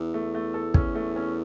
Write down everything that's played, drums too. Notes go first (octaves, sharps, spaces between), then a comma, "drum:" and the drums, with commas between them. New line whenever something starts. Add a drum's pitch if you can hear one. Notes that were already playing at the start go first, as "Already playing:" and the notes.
Already playing: E2
A3
A3
A4
C#4, drum: kick
A3
C#4